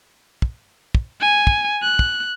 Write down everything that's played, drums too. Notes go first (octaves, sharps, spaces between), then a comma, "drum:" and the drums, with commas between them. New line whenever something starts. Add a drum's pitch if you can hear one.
drum: kick
drum: kick
G#5
drum: kick
F#6
drum: kick